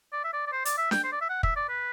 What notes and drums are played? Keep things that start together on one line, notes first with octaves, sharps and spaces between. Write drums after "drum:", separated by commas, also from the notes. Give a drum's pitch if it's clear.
D5
E5
D5
D5
C5
D5, drum: hi-hat
E5
G5, drum: snare D4
C5
D5
E5
F#5
E5, drum: kick
D5
B4